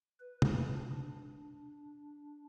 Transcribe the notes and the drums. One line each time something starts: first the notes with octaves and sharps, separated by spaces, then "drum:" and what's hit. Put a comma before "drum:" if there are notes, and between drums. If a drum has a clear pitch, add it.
B4
drum: tom
D4